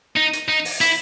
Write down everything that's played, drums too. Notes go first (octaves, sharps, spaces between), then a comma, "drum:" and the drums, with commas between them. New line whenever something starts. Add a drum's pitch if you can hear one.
D#4
drum: hi-hat
D#4
drum: open hi-hat
E4, drum: hi-hat